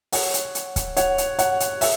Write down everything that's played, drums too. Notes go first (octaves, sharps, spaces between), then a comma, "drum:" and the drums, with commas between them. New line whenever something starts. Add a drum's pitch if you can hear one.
C#5 F#5, drum: open hi-hat
drum: hi-hat
drum: hi-hat
drum: kick, hi-hat
C#5 F#5, drum: hi-hat
drum: hi-hat
C#5 F#5, drum: hi-hat
drum: hi-hat
E5, drum: open hi-hat